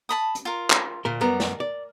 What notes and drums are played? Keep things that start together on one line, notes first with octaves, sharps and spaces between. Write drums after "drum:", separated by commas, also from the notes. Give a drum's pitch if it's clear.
A5 B5 D#6
drum: hi-hat
F4 A#4
drum: clap
D2 A#2 A#4
F#2 G3 B3 A#4
drum: snare
D5